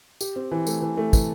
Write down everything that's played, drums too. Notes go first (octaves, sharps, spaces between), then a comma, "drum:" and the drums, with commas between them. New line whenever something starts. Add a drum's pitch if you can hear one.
G4, drum: tambourine
C4
E3
A3, drum: tambourine
E3
A3
E3, drum: kick, tambourine